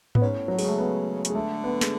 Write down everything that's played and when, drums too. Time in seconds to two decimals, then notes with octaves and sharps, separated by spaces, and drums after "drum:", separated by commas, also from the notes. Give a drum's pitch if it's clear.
0.15 B3, drum: tom G#2
0.22 G#2 C#4
0.36 A2
0.48 A2 F#3
0.59 G#3, drum: open hi-hat
0.64 C#3 A3
0.78 B3
1.25 C#3, drum: hi-hat
1.30 G#3
1.35 D3 A3
1.64 B3
1.81 G#3, drum: snare